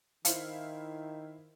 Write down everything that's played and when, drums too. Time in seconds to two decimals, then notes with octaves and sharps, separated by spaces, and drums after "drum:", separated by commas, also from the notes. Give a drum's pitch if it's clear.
0.25 D#3 E4 C5 F5, drum: hi-hat